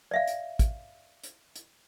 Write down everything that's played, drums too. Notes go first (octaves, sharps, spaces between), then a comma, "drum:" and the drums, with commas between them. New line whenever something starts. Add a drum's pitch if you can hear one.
D5 E5 F5
drum: hi-hat
drum: kick, hi-hat
drum: hi-hat
drum: hi-hat